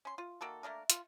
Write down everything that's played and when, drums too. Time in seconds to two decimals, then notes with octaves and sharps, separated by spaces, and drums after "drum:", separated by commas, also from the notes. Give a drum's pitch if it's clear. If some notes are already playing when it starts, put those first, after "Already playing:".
0.05 C#4 C6
0.18 F4
0.41 D#3 A#3 F#4 A4
0.63 A3 A#3 D4 A#4
0.90 F4, drum: hi-hat